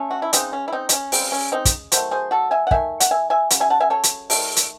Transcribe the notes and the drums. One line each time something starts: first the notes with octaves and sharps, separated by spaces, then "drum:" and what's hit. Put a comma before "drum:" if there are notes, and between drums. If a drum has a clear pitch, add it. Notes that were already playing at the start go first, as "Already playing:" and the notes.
Already playing: A3 C#4
F#4
E4
C#3 G#3 C4 D#4, drum: hi-hat
C#4
E4
C4 D#4
D#4, drum: hi-hat
C#4
C#3 G#3 C4, drum: open hi-hat
C#4
C4 D#4
drum: kick, hi-hat
D#3 F#3 A3 C5, drum: hi-hat
G#4 C5
F#4 A4
E5 G#5
F#5
D#3 A3 E5 G#5, drum: kick
F#5, drum: hi-hat
E5 G#5
E5 G#5
C#3 F#3, drum: hi-hat
E5 G#5
F#5 A5
E5 G#5
A4 C#5
drum: hi-hat
D#3 A3, drum: open hi-hat
drum: hi-hat